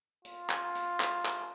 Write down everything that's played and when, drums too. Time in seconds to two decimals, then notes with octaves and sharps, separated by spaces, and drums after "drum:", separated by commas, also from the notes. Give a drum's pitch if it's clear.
0.25 F4, drum: hi-hat
0.50 drum: clap
0.75 drum: hi-hat
1.00 drum: clap
1.26 drum: clap